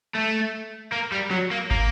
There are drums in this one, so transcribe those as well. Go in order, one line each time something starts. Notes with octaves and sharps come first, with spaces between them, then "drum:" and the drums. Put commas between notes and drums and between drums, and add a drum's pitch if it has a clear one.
A3
A#3
G3
F#3
A#3
A#3, drum: kick